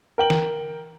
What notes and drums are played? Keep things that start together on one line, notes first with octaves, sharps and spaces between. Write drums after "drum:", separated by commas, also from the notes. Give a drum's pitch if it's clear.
A#4 G5 F#7
drum: snare